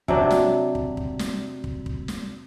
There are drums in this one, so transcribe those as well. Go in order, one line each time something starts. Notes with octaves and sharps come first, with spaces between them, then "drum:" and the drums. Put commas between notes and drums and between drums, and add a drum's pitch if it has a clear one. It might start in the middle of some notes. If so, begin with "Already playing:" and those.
C3 F#3 D4, drum: kick
drum: snare
drum: kick
drum: kick
drum: snare
drum: kick
drum: kick
drum: snare